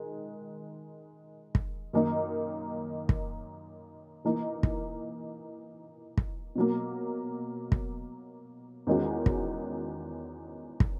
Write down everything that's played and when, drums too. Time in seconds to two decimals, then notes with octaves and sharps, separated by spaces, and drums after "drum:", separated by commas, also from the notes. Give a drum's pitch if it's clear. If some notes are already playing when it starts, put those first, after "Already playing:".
Already playing: D#3 G#3
1.55 drum: kick
1.93 F#2 D#3 A#3 D#4
3.09 drum: kick
4.25 E3 A#3 D#4 A#4
4.63 drum: kick
6.17 drum: kick
6.55 B2 F#3 A#3
7.72 drum: kick
8.87 E2 D#3 G#3 C#4 F#4
9.26 drum: kick
10.80 drum: kick